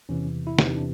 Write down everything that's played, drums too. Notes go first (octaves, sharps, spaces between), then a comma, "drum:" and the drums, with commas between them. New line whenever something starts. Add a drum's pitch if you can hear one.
E2 C3 E3 C#4
E4
E2 C3 E3 D#4, drum: snare
D4